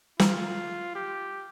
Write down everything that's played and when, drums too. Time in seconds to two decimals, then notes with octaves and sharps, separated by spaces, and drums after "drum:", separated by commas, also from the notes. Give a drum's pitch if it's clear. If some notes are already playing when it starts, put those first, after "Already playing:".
0.19 F4, drum: snare
0.95 G4